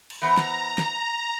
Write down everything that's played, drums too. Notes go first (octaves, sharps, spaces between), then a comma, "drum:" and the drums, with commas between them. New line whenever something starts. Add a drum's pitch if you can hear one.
drum: cymbal
E3 B3 C5 A#5
drum: snare
drum: snare